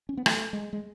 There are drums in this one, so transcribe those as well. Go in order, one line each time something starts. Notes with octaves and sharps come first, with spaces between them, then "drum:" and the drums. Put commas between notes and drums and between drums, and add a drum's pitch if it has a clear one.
C#4
B3
A3, drum: rim click
G#3
G#3